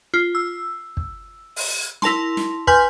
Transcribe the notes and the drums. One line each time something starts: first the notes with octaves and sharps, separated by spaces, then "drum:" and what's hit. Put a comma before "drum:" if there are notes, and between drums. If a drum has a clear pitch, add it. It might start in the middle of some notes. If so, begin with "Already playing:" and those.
F4
E6
drum: kick
drum: open hi-hat
E4 A#4 A5 C6, drum: snare
drum: snare
B4 G#5 C6 F6 G6, drum: kick